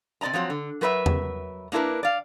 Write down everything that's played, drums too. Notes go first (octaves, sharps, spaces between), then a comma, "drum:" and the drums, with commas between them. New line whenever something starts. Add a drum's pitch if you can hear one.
C3 C5 D5 D#5 A#5
F3 F#3 A#3 C4
D3
F#3 A#4 B4 D#5 E5
drum: tom E2
A#3 D4 E4 A#4 B4
D5 F5